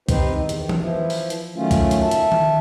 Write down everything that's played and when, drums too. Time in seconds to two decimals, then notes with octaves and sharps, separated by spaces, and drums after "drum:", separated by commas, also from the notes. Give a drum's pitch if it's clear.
0.09 C4 D#4 G4 B4 C5, drum: kick, hi-hat
0.37 E2 D#3
0.49 drum: hi-hat
0.69 drum: tom E3
0.81 E3 F3 E4
1.10 drum: open hi-hat
1.30 drum: hi-hat
1.56 D#3 F#3 A3 C#4 F4
1.71 drum: kick, hi-hat
1.91 drum: hi-hat
2.02 E5 A5
2.11 drum: hi-hat
2.32 drum: tom D#3